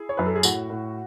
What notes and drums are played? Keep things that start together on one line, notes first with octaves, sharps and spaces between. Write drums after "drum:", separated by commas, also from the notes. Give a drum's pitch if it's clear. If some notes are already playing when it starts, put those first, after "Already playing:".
Already playing: E4 G#4
C#5
F#2 B4
A4
G#4
A2 F#4, drum: tambourine
A2